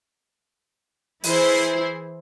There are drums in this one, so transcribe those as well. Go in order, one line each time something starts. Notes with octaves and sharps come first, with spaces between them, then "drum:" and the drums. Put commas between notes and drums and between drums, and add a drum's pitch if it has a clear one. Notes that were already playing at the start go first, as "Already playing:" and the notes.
E3 E4 G#4 C5, drum: open hi-hat